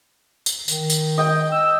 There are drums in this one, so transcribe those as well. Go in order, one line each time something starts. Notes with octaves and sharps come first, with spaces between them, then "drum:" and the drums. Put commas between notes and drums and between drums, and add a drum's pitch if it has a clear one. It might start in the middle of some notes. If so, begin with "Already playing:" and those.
drum: tambourine
D#3, drum: tambourine
drum: tambourine
D#5 G5
E6